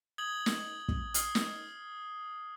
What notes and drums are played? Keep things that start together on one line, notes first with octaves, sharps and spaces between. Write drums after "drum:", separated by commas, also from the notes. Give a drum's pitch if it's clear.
D#6 G#6 F#7 G7
drum: snare
drum: kick
D#6 F6 C7 G7, drum: hi-hat
drum: snare